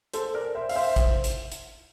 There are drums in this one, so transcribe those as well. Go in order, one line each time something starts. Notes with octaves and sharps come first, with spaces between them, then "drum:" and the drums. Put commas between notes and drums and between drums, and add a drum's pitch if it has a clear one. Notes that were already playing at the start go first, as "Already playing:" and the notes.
A4 C5, drum: hi-hat
A#4 D5
C5 E5
F5, drum: open hi-hat
C5 E5
drum: kick, hi-hat
drum: hi-hat
drum: hi-hat